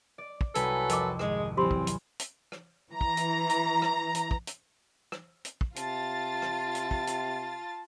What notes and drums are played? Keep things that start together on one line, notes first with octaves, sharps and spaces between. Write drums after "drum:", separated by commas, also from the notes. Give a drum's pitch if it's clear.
D5
drum: kick
C2 F#3 A4 B4 G#5 B6, drum: hi-hat
F2 A#4 D#5 D6, drum: hi-hat
G#1 G#3 D#6, drum: rim click
E2 F#3 C4 G4 B5 C6
drum: kick
drum: hi-hat
drum: hi-hat
drum: rim click
E3 A#5
drum: kick
drum: hi-hat
drum: hi-hat
drum: rim click
drum: hi-hat
drum: kick
drum: hi-hat
drum: rim click
drum: hi-hat
drum: kick
C3 F4 A5 A6, drum: hi-hat
drum: rim click
drum: hi-hat
drum: kick
drum: hi-hat